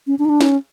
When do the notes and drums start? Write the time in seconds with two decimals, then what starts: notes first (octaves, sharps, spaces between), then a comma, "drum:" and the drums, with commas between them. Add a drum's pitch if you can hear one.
0.07 C#4
0.19 D4
0.25 D#4
0.29 D4
0.41 C#4, drum: snare